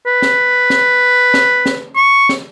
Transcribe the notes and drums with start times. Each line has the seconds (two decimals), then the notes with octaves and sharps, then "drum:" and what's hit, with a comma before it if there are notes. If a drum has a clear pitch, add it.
0.06 B4
0.22 drum: snare
0.70 drum: snare
1.34 drum: snare
1.66 drum: snare
1.96 C#6
2.29 drum: snare